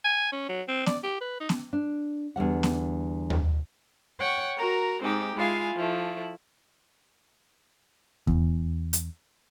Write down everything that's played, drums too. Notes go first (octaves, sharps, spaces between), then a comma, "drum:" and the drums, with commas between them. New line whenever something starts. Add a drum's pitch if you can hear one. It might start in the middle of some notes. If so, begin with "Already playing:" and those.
G#5
C#4
F#3
C4
D5, drum: snare B3
G4
B4
D#4
drum: snare B3
D4
E2 D3 G3 F#5
drum: snare B3
drum: tom D#2
C#5 F#5 G5 C#6
F#4 A#4 A#5
G#2 C4 D#4 G4
G#3 E4 F4 F5 G#5
F3 A3 E4
E2, drum: kick E2
drum: hi-hat